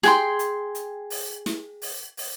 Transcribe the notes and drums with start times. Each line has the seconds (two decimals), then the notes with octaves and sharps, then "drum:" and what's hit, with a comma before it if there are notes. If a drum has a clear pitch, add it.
0.03 G#4 G5 C6, drum: snare
0.39 drum: hi-hat
0.75 drum: hi-hat
1.10 drum: open hi-hat
1.46 drum: snare
1.82 drum: open hi-hat
2.17 drum: open hi-hat